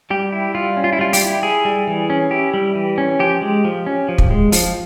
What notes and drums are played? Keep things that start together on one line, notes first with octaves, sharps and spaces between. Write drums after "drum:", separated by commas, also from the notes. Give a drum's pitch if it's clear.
G3 G4
E4
G3 F4
C#4
F4
E4
G3 F4
G4, drum: open hi-hat
E4
E4 G#4
G3
E3
C#4
E4 G4
G3
E3
C#4
F3 G4
G#3
F3
C#4
F3
drum: kick
G#3
F3, drum: open hi-hat